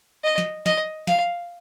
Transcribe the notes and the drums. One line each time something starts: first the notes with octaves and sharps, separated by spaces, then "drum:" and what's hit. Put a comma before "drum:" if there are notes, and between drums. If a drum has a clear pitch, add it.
D#5
drum: snare
D#5, drum: snare
F5, drum: snare